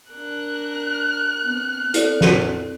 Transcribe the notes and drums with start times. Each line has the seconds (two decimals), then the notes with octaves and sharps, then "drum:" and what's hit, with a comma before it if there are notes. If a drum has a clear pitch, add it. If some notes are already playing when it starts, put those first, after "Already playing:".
0.11 D4 A#4 F#6
1.43 B3 C4
1.94 C4 E4 A4 D5, drum: hi-hat
2.21 drum: snare